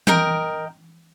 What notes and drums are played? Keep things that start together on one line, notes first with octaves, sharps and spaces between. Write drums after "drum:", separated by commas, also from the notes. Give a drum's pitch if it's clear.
A#4 D#5 G5, drum: tom E3